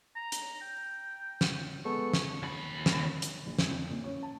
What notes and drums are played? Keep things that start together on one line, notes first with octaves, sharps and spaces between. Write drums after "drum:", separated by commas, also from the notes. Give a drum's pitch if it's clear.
A#5
drum: hi-hat
G5
drum: snare
G#3 B3 A4 C#6
drum: snare
D#2 B5
drum: snare
drum: hi-hat
A#1
F2, drum: snare
F2
A#2
C#4
A5